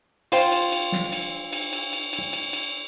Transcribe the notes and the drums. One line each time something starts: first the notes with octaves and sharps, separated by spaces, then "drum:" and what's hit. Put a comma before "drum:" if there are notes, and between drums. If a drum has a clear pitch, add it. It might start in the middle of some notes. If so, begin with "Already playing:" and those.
F4 C5 G5, drum: cymbal
drum: cymbal
drum: cymbal
drum: snare
drum: cymbal
drum: cymbal
drum: cymbal
drum: cymbal
drum: cymbal
drum: cymbal
drum: cymbal